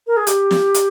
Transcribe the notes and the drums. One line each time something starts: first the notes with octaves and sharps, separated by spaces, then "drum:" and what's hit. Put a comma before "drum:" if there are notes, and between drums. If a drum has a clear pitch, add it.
A#4
G#4
G4, drum: hi-hat
drum: snare
drum: hi-hat